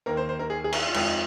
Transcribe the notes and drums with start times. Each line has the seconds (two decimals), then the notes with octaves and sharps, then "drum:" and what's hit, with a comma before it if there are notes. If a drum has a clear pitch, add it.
0.06 D#2 D#3 A#3 A#4
0.17 C5
0.29 C5
0.39 A#4
0.50 G#4
0.64 G#4
0.73 A#4, drum: cymbal
0.87 F4
0.94 F2 F3 G#3 D#4, drum: cymbal
1.07 D#4